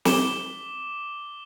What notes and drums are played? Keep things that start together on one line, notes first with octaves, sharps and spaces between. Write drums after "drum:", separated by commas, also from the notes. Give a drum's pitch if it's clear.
D6 E7 G7, drum: snare